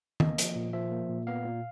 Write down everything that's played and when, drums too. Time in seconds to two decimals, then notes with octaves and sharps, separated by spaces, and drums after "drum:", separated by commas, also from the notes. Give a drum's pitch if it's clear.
0.20 A#3 D#5, drum: tom
0.38 F3, drum: hi-hat
0.55 A#2
0.73 F3 E5
0.92 A#3
1.09 A#2
1.27 B3 F5
1.45 A#2